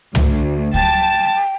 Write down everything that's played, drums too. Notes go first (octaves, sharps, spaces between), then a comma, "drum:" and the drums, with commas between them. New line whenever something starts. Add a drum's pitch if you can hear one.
D2, drum: tom
G5 A5, drum: kick C#2